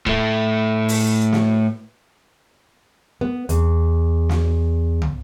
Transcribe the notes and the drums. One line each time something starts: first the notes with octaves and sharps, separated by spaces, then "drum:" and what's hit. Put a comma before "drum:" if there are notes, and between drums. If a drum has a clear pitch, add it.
A2 A3, drum: kick
drum: open hi-hat
drum: snare
B3
E2, drum: hi-hat
drum: snare
drum: tom